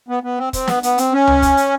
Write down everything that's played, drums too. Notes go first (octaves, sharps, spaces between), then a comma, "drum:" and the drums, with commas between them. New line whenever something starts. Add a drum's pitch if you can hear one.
B3
B3
C4
C4, drum: kick, hi-hat
B3, drum: snare
B3, drum: hi-hat
C4, drum: hi-hat
C#4
drum: tom C#2
drum: kick, hi-hat
drum: hi-hat